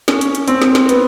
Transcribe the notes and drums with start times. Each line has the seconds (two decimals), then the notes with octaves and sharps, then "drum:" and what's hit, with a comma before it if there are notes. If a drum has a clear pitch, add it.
0.08 C#4, drum: snare
0.21 drum: hi-hat
0.35 drum: hi-hat
0.48 C4, drum: hi-hat
0.62 drum: snare
0.75 drum: snare
0.89 B3, drum: hi-hat